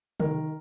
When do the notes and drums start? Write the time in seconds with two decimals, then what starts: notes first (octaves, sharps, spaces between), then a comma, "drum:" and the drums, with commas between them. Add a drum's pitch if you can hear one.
0.20 D#3 A#4, drum: tom C3